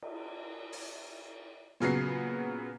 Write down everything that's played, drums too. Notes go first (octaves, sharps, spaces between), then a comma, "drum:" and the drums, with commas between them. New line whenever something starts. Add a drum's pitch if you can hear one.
drum: cymbal
drum: open hi-hat
A#2 C#3 F#3 B3 C7, drum: snare